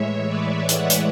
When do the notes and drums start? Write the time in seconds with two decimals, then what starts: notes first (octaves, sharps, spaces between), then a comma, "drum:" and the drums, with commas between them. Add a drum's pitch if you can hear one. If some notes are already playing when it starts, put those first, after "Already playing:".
Already playing: A2 E3 G#3 C#5 E5
0.27 B4 D5
0.69 D5 F#5, drum: hi-hat
0.90 drum: hi-hat